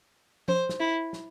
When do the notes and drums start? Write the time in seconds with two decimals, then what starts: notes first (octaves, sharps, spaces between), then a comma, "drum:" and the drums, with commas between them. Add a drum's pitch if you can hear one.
0.48 C5, drum: tom F3
0.69 drum: snare
0.80 E4
1.13 drum: snare